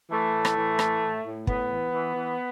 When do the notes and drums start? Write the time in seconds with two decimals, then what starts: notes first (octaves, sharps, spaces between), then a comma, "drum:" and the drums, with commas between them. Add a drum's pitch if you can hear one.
0.11 E3 A3
0.33 A2
0.45 drum: rim click
0.56 E3
0.79 A2, drum: rim click
1.02 A2
1.25 A2
1.47 A2 B3, drum: kick
1.70 E3
1.93 E3
2.15 E3